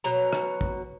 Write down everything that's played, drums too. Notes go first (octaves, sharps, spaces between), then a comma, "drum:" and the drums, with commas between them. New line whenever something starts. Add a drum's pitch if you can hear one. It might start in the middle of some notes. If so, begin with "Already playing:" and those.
B2 F#3 A#5
drum: rim click
drum: kick